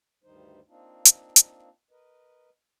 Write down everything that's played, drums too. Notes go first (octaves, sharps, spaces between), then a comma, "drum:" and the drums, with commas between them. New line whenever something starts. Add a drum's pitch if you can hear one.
D2 G2 D#3 G3 D#4 C5
A#3 C4 D4 D#4 F4
drum: hi-hat
drum: hi-hat
A#4 B4 D#5